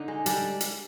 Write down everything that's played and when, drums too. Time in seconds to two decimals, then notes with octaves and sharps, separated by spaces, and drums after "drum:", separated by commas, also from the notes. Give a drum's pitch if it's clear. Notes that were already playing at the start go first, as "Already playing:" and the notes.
Already playing: D3 D#4
0.08 G#3
0.26 G3 D4, drum: hi-hat
0.61 drum: hi-hat